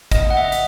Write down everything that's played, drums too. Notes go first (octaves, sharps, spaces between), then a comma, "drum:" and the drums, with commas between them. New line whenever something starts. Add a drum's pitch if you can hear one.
D#5, drum: kick, hi-hat
F#5
E5
D#5
E5, drum: hi-hat